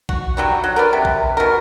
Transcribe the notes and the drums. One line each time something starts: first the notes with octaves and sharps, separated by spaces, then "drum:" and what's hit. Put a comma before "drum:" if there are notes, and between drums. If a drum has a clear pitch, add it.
F#4, drum: kick A#1
F#3 G3 F#4
F#3
A#4 B4 D5
C3
drum: kick A#1
B2 A#4